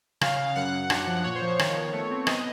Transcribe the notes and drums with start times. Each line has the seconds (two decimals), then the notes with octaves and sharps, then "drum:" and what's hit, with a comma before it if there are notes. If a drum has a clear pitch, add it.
0.21 C#3 F5, drum: rim click
0.39 C#3
0.56 F#2 F#5
0.74 F#2
0.90 D4, drum: rim click
1.07 F3
1.24 A#2 C#5
1.35 C5
1.42 F3
1.48 C#5
1.59 D#3 C#5, drum: rim click
1.76 B3
1.93 A3
2.11 C4
2.27 B3 D#5, drum: rim click